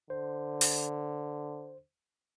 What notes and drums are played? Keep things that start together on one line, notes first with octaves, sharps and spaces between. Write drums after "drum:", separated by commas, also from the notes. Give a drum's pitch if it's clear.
D3 C5
drum: open hi-hat